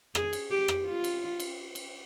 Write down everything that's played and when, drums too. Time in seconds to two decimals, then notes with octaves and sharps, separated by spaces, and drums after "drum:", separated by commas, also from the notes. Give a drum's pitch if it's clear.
0.15 G#4, drum: rim click
0.33 drum: cymbal
0.51 G4
0.68 drum: rim click
0.86 F4
1.04 drum: cymbal
1.40 drum: cymbal
1.75 drum: cymbal